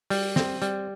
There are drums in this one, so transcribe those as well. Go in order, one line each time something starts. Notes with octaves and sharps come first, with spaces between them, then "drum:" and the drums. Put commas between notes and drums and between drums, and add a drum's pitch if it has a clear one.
G3, drum: open hi-hat
C4, drum: snare
G3, drum: hi-hat